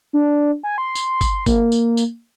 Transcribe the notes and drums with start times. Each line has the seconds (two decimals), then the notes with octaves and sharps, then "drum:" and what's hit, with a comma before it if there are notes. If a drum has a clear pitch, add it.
0.13 D4
0.63 G#5
0.78 C6
0.95 drum: tambourine
1.21 drum: kick G1, tambourine
1.46 A#3, drum: kick G1, tambourine
1.72 drum: tambourine
1.97 drum: tambourine